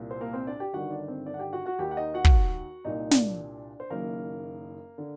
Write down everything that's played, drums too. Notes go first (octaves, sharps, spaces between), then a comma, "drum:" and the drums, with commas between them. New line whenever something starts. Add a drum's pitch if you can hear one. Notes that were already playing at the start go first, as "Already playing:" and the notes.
Already playing: C2 A#2
C5
A#3 A#4
C4 C5
D4 D5
G4 G5
G1 G2 D#3 F#4 F#5
D4 D5
C4 C5
D4 D5
F#5
G4 G5
F#4 F#5
F#4 F#5
D#2 D#3 G4 G5
F#5
D#4 D#5
F#4 F#5
drum: kick
C2 A#2 D#4 D#5
D4 D5, drum: snare
C5
F#1 F#2 D#3 A#3 A#4
D3